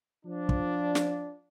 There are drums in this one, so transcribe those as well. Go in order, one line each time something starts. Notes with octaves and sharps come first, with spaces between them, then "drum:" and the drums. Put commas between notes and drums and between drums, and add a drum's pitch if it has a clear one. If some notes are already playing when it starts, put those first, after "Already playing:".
F3 D4
drum: kick
drum: snare